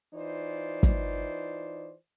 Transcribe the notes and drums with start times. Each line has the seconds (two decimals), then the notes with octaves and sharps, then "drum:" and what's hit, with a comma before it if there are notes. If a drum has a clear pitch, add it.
0.14 E3 D#4 F4 C5 D5
0.83 drum: kick